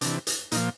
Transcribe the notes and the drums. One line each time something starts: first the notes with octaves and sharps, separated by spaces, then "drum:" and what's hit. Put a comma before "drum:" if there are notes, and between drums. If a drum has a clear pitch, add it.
C3 E3 D4, drum: hi-hat
drum: hi-hat
A#2 F3 D#4, drum: hi-hat